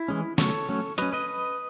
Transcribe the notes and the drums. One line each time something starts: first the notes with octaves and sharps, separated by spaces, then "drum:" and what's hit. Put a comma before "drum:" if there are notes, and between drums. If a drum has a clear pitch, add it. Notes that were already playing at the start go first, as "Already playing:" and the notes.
Already playing: E4
E3 G#3 C#4
C#3 F#3 A3 C#4 A4 C#5, drum: snare
F#3 A3 C#4
F#3 C#4 B4 D#5, drum: hi-hat
B4 D#5